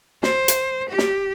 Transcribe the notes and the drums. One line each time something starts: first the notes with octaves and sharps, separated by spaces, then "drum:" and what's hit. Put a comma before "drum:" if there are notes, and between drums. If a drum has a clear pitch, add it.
C5, drum: snare
drum: hi-hat
G4
drum: snare